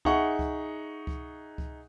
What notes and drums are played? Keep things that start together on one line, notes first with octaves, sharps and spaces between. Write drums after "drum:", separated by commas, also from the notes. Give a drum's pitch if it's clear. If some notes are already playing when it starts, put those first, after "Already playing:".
D#4 G#4 E5 F#5 C#6, drum: kick C#2
drum: kick C#2
drum: kick C#2
drum: kick C#2